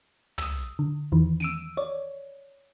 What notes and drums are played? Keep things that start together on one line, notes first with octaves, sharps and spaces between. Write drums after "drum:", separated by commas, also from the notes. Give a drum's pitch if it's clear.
D#6 E6, drum: tom
D3
E2 D#3 E3
E6 D7 D#7, drum: snare
C#5 D5